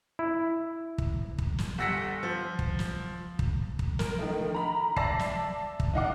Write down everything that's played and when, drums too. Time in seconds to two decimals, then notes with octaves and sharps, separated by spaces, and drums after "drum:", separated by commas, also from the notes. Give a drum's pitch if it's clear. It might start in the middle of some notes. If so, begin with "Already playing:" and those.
0.19 E4
0.98 drum: kick
1.38 drum: kick
1.58 drum: snare
1.78 G1 F#5 E6 A#6 B6 C#7
2.23 F3
2.59 drum: kick
2.79 drum: snare
3.39 drum: kick
3.79 drum: kick
3.99 A#4, drum: snare
4.18 D3 D#3 F3 A3
4.55 A#5 B5
4.96 D5 E5 A5 E6 A#6 C7, drum: kick
5.19 drum: snare
5.80 drum: kick
5.93 D4 D#4 D#5 F5 F#5 D6